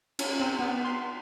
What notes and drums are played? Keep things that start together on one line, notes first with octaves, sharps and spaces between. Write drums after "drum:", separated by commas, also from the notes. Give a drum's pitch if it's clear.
C#4, drum: cymbal
C4
B3
C6